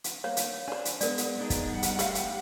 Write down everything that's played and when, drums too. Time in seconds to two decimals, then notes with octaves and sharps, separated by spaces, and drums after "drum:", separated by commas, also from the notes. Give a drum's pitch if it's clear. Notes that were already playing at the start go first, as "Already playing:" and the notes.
0.04 drum: hi-hat
0.24 A#3 C#5 F5
0.37 drum: hi-hat
0.68 D4 C5 G#5
0.85 drum: hi-hat
1.01 G#3 B3 A#4 D5, drum: hi-hat
1.18 drum: hi-hat
1.38 B3 D4 D#4 G#4
1.50 drum: kick, hi-hat
1.69 G3 F#5
1.83 drum: hi-hat
1.99 A3 G4 F5, drum: hi-hat
2.15 drum: hi-hat